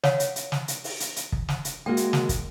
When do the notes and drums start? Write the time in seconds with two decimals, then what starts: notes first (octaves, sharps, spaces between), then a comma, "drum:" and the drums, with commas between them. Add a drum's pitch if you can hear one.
0.04 C#5 F5 F#5, drum: snare
0.20 drum: hi-hat
0.36 drum: hi-hat
0.52 drum: snare
0.68 drum: hi-hat
0.84 drum: open hi-hat
1.00 drum: hi-hat
1.16 drum: hi-hat
1.32 drum: kick
1.49 drum: snare
1.65 drum: hi-hat
1.86 G#3 A#3 F#4 G5
1.97 drum: hi-hat
2.13 drum: snare
2.29 drum: kick, hi-hat